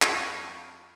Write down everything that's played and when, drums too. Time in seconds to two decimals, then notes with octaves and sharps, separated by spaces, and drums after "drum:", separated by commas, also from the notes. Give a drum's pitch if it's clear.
0.02 F2 F4 C#6 G6, drum: clap